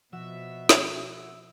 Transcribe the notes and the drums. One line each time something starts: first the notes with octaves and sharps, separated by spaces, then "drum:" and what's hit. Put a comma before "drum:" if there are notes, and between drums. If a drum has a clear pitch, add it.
B2 F3 F#4 E5
drum: snare